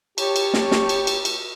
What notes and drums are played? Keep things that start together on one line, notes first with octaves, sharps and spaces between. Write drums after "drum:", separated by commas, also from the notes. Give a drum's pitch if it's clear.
G4 C#5 A5 C#6, drum: cymbal
drum: cymbal
drum: snare
drum: snare
drum: cymbal
drum: cymbal
drum: cymbal